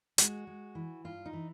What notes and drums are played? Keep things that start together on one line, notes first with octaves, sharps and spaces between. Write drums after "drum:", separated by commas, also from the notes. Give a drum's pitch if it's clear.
G#3 F#4, drum: hi-hat
G#3
E3
G2 F4
D#4
E3